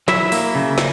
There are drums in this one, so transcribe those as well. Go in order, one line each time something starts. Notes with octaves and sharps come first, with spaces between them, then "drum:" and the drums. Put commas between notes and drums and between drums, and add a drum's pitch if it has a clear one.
F#3 E4 E5, drum: snare
A#3, drum: open hi-hat
C#3
drum: snare